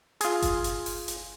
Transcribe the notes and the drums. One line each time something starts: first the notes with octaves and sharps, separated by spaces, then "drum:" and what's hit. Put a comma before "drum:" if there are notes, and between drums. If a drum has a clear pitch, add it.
F4 G#4, drum: hi-hat
drum: kick F#1, hi-hat
drum: hi-hat
drum: open hi-hat
drum: hi-hat